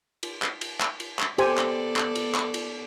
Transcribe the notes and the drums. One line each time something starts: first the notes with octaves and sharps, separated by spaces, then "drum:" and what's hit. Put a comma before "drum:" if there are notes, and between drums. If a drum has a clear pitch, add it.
drum: cymbal
drum: clap
drum: cymbal
drum: clap
drum: cymbal
drum: clap
B3 G4 A4 C5 D5 G#5, drum: cymbal
drum: clap
drum: clap
drum: cymbal
drum: clap
drum: cymbal